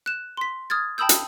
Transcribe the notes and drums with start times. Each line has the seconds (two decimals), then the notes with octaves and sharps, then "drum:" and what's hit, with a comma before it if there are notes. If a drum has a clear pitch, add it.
0.06 F#6 E7
0.37 C6 B6
0.70 D#6 F6 G#6 A6
0.98 G5 A5 B5 D#6 E6 G6
1.09 drum: hi-hat